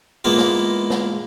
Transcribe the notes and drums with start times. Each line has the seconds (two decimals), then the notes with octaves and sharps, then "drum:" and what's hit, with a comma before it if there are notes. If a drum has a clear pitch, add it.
0.24 E3 G#3 A#3 B3 F4
0.38 drum: snare
0.90 drum: snare